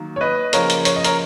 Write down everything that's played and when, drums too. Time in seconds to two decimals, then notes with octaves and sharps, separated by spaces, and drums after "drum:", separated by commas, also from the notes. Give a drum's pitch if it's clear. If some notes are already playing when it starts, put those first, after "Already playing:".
Already playing: D#3 F#3 A#3
0.16 C#5
0.21 B4 D#5
0.53 C#3 F3 A#3 A#4 C#5, drum: hi-hat
0.70 drum: hi-hat
0.85 C#5, drum: hi-hat
0.96 D#5
1.04 A#4 C#5, drum: hi-hat